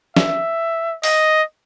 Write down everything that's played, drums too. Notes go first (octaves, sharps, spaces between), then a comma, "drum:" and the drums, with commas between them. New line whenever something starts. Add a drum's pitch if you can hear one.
E5, drum: snare
D#5, drum: open hi-hat